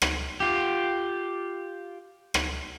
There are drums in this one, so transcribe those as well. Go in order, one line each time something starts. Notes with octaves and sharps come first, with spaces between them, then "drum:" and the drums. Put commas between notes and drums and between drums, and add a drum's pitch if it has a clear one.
drum: rim click
F4 G4
drum: rim click